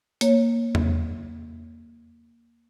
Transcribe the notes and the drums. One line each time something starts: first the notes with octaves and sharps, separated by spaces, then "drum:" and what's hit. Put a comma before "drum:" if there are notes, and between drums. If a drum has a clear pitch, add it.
A#3 C#5, drum: hi-hat
drum: tom E2